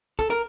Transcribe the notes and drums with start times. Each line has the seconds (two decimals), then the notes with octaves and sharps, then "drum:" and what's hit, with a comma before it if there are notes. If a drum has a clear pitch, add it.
0.19 A4, drum: kick
0.30 A#4